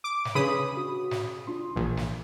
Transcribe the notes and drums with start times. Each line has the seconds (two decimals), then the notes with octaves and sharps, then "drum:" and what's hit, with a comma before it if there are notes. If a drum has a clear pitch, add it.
0.04 D6
0.25 drum: snare
0.35 C#3 D4 B4 B5 D#6
0.77 F#4
1.11 drum: snare
1.47 D4 F4 C6
1.76 A#1 E3
1.97 drum: snare